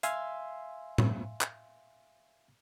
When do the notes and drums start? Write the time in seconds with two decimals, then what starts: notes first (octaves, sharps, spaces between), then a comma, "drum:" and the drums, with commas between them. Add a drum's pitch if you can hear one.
0.03 E5 F5 G#5 C6 E6, drum: hi-hat
0.98 drum: tom A2
1.41 drum: clap